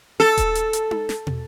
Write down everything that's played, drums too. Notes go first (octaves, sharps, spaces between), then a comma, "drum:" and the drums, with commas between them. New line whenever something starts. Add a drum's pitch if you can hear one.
A4, drum: snare
drum: kick D#1, hi-hat
drum: hi-hat
drum: hi-hat
drum: tom D#4
drum: snare
drum: tom